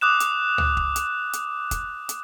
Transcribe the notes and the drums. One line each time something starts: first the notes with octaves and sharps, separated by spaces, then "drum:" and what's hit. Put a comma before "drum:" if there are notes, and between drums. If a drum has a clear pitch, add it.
D6 D#6 F#6 E7
drum: hi-hat
drum: tom C#2
drum: kick
drum: hi-hat
drum: hi-hat
drum: kick, hi-hat
drum: hi-hat